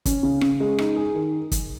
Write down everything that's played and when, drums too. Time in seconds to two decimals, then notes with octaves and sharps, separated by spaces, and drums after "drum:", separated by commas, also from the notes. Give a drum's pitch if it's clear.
0.05 C#4, drum: kick, hi-hat
0.23 C#3
0.41 C#3, drum: rim click
0.60 G#3
0.78 D#4, drum: rim click
0.96 G#4
1.15 D#3
1.52 drum: kick, hi-hat